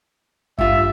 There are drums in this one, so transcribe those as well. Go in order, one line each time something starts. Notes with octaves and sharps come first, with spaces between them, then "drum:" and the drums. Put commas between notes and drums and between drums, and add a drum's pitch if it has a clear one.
G2 F4 E5, drum: kick G#1